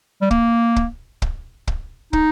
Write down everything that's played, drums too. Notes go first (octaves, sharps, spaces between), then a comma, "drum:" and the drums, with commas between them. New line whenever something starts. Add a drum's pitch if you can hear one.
G3
A#3, drum: kick
drum: kick
drum: kick
drum: kick
D#4, drum: kick